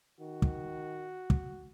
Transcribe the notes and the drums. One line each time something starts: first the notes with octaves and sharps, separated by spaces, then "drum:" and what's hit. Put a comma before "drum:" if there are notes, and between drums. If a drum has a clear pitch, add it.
D#3 F#4
drum: kick
drum: kick